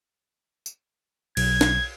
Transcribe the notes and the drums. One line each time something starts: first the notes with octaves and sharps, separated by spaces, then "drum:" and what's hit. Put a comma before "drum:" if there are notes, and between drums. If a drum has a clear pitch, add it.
drum: tambourine
B1 G#6, drum: cymbal
drum: snare